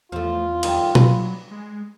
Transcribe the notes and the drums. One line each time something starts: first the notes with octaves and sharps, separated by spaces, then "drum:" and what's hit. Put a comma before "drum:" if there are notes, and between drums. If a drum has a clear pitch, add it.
E2 F3 A3 F4
F2 D#3 G3, drum: cymbal
F#3 B4, drum: tom B2
G#3